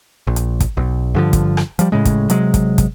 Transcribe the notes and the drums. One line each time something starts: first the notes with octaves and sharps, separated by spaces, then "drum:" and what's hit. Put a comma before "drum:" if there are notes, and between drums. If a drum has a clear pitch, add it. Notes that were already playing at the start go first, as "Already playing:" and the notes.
A#1
drum: hi-hat
drum: kick, hi-hat
B1
G2 D3 F3
drum: kick, hi-hat
drum: rim click
F3 G3, drum: hi-hat
A2 C#3 G#3
drum: kick, hi-hat
C3 F#3 G#3, drum: hi-hat
drum: kick, hi-hat
drum: kick, hi-hat